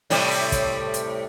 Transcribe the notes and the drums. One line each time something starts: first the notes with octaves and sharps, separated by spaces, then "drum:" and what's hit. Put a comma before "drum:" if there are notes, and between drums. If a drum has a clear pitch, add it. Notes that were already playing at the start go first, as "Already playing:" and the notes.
A2 C3 G3, drum: open hi-hat
drum: open hi-hat
drum: kick, hi-hat
drum: hi-hat